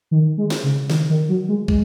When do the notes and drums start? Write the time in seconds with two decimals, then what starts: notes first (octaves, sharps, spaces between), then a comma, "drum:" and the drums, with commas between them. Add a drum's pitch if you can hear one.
0.11 D#3
0.38 G#3
0.50 drum: snare
0.63 C#3
0.90 D#3, drum: snare
1.09 D#3
1.29 F#3
1.48 G#3
1.68 G#3, drum: kick